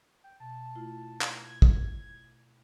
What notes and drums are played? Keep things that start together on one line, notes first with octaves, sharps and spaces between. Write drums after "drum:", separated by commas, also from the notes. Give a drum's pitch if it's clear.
G5
B2 A5
A3 E4 F4
drum: clap
G#6
drum: kick